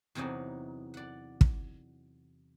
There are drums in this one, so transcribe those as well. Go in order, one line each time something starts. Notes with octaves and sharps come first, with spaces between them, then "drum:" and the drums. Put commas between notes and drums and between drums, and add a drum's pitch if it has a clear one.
E2 C3 E3 F#3 D#4
D5 F#5
drum: kick